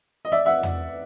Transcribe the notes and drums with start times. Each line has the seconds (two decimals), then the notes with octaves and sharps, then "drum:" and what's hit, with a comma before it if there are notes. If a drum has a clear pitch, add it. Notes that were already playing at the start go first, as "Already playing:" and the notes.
0.25 D#5
0.32 D5 E5
0.46 E5 F#5
0.63 drum: tom E2